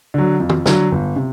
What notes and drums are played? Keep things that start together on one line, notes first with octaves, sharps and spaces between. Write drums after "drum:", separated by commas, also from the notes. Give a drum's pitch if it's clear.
D3 F#3
F2
drum: tom
D3 F#3, drum: snare
G1
C3